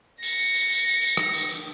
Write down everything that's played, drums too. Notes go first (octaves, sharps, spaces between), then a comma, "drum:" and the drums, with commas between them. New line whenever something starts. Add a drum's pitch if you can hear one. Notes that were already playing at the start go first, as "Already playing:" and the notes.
A#6 C#7, drum: tambourine
drum: tambourine
drum: tambourine
drum: tambourine
drum: tambourine
drum: tambourine
drum: rim click
drum: tambourine
drum: tambourine